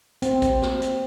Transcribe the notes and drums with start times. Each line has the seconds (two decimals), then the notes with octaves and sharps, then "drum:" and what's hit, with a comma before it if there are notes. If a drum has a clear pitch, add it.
0.22 C4, drum: hi-hat
0.42 drum: kick, hi-hat
0.62 drum: snare
0.82 drum: hi-hat